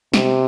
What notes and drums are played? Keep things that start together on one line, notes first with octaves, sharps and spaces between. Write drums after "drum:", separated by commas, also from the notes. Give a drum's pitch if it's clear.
C3, drum: snare